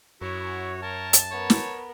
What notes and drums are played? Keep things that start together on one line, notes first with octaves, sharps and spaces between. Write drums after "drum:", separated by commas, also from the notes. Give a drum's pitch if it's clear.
F#2 E4 F#4 C#5
A#4 A5
drum: hi-hat
B3 A#4 C#5
drum: snare